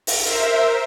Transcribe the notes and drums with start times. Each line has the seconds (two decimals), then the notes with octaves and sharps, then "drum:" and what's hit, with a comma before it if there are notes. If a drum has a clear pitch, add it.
0.07 drum: open hi-hat
0.21 A#4 C5 E5